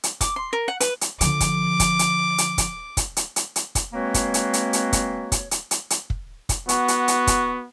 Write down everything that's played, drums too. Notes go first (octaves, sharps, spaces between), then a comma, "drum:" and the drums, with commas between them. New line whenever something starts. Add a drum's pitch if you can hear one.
drum: hi-hat
D6, drum: kick, hi-hat
C6
A#4
F#5
B4, drum: hi-hat
drum: hi-hat
D3 F3 D6, drum: hi-hat
drum: kick, hi-hat
drum: kick, hi-hat
drum: hi-hat
drum: hi-hat
drum: kick, hi-hat
drum: kick, hi-hat
drum: hi-hat
drum: hi-hat
drum: hi-hat
drum: kick, hi-hat
G#3 A#3 C4 F#4 B4 C#5
drum: kick, hi-hat
drum: hi-hat
drum: hi-hat
drum: hi-hat
drum: kick, hi-hat
drum: kick, hi-hat
drum: hi-hat
drum: hi-hat
drum: hi-hat
drum: kick
drum: kick, hi-hat
B3 F#4, drum: hi-hat
drum: hi-hat
drum: hi-hat
drum: kick, hi-hat